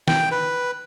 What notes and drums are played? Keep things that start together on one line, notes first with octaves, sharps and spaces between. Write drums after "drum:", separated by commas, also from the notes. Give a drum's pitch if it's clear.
G5, drum: snare
B4